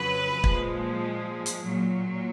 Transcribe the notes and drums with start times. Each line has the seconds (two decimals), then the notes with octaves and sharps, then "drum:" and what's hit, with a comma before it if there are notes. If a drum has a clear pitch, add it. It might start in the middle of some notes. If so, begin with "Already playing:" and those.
Already playing: F2 C#3 F#3 B4
0.44 A#2 F3 G#3, drum: kick
1.46 drum: hi-hat
1.64 A#2 F#3